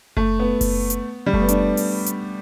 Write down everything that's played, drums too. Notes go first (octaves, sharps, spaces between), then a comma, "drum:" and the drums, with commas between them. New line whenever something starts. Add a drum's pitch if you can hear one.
A3, drum: kick F#1
B3
drum: kick F#1, open hi-hat
drum: hi-hat
G3
A3, drum: kick F#1
B3
D4, drum: hi-hat
drum: open hi-hat
drum: hi-hat